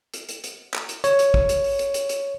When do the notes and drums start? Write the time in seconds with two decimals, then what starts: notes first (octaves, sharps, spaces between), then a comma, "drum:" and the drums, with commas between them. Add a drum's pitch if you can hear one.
0.14 drum: hi-hat
0.29 drum: hi-hat
0.44 drum: hi-hat
0.74 drum: clap
0.89 drum: hi-hat
1.04 C#5, drum: hi-hat
1.19 drum: hi-hat
1.34 drum: kick
1.49 drum: hi-hat
1.64 drum: open hi-hat
1.79 drum: hi-hat
1.94 drum: hi-hat
2.09 drum: hi-hat